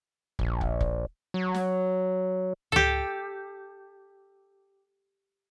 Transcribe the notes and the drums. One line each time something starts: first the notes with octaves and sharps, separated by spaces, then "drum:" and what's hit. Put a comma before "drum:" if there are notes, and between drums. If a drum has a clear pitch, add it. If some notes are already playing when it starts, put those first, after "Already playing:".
A#1, drum: kick
drum: kick
drum: kick
F#3
drum: snare
G4 A4, drum: tom C#2